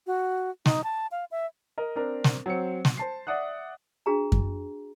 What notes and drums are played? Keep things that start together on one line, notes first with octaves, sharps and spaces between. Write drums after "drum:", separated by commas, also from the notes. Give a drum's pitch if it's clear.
F#4
D#4, drum: snare
A5
F5
E5
A#4 D#5
C4 D4 A#4
drum: snare
F#3 C4 C#7
drum: snare
C5 A5 C7
D5 E5 F#5 D#6 F#6
D4 F#4 G#4 A#5
drum: kick F#2